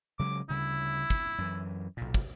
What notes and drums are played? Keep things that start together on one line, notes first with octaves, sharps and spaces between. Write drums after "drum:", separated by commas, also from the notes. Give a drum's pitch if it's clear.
C#3 F#3 G#3 D6
D2 C#3 G3 E4
drum: kick
F#2 E3
B1 A#2
drum: kick